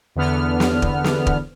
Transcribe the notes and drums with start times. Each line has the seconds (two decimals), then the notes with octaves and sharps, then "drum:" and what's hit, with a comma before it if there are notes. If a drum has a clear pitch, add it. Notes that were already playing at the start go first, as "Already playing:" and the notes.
0.16 E2 D3 B3 F6
0.60 drum: snare
0.82 drum: kick
1.04 drum: snare
1.27 drum: kick